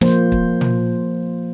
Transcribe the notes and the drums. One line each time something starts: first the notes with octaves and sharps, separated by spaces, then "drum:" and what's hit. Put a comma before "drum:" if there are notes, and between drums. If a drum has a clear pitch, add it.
F3 A#3 C5, drum: snare
drum: kick
drum: tom